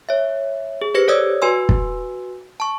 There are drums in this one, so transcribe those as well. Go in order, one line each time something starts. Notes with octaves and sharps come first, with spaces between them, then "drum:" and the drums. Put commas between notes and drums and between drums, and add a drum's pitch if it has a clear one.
C#5 E5
G#4
G4 B4 C5 A#6 C#7
A4 C#5 D5 D#6 E6 G#6
F#4 B4 G#5 C6 E6
drum: kick
A5 C#6